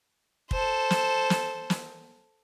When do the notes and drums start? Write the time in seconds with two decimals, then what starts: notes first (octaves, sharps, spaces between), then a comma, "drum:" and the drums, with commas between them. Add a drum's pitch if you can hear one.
0.51 A4 C5, drum: kick
0.90 drum: snare
1.30 drum: snare
1.70 drum: snare